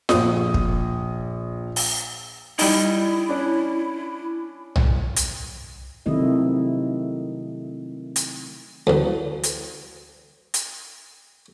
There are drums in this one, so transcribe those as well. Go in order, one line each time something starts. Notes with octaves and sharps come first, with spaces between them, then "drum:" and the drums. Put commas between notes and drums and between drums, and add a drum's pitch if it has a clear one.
A#1 D#6, drum: snare F4
drum: kick
drum: open hi-hat
G3 D#4 E4, drum: open hi-hat
C#4 D4
drum: tom B1
drum: hi-hat
C3 D#3 F#3 A3 E4 D#5
drum: hi-hat
A1 D2
drum: hi-hat
drum: hi-hat